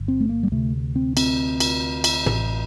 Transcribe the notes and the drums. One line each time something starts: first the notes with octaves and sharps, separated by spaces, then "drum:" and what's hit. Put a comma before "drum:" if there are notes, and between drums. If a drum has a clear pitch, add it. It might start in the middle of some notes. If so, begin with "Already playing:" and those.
Already playing: G1 G2 D3
C4
A3
A#3
G3
D2 C3 A3
C4
C4, drum: cymbal
drum: cymbal
drum: cymbal
A1 A2, drum: tom